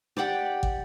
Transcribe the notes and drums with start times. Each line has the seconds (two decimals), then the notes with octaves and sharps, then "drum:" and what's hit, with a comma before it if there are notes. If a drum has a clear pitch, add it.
0.17 G4 D5 F#5 G5
0.63 drum: kick